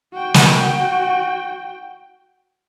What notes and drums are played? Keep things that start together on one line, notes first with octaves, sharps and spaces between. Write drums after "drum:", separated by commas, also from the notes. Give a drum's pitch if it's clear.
F#4 G5
drum: snare